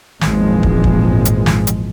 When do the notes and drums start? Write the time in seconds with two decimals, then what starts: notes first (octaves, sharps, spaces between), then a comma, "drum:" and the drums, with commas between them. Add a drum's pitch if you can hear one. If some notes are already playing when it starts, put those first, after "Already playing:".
0.21 G#1 E2 A#2 F3 G#3, drum: snare
0.63 drum: kick
0.84 drum: kick
1.25 drum: hi-hat
1.46 drum: snare
1.67 drum: hi-hat